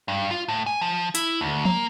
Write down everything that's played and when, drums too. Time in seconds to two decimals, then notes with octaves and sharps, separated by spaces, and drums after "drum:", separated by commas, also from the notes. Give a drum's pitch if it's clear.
0.08 G2
0.31 F4
0.48 A2
0.66 G#5
0.81 F3
1.15 E4, drum: hi-hat
1.41 D2
1.65 A#3, drum: tom F3